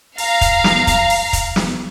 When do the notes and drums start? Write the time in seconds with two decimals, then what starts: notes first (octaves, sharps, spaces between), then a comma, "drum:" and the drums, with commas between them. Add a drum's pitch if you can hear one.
0.18 F5 A#5, drum: open hi-hat
0.41 drum: kick, hi-hat
0.64 drum: snare
0.87 drum: kick, hi-hat
1.10 drum: open hi-hat
1.33 drum: kick, hi-hat
1.56 drum: snare